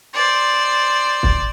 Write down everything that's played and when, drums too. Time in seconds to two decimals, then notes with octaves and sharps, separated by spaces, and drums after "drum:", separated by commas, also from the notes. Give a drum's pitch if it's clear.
0.14 C5 D5
1.23 drum: kick